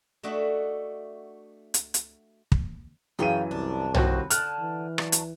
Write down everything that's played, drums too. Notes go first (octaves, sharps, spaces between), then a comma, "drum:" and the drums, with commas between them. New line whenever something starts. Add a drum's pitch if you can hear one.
A3 D4 F#4 D#5 E5 F#5
drum: hi-hat
drum: hi-hat
drum: kick
F#2 C#3 E3 F4 G5 D#7
C2 D4
D#2 C4 F#4 B4, drum: tom B1
D3 A5 F6 F#6, drum: hi-hat
E3
F#3 D4, drum: rim click
drum: hi-hat